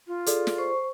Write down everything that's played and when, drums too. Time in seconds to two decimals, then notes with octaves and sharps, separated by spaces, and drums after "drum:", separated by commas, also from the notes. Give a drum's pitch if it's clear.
0.07 F4
0.26 G#4 A4 D5, drum: hi-hat
0.47 drum: snare
0.58 C5 C#6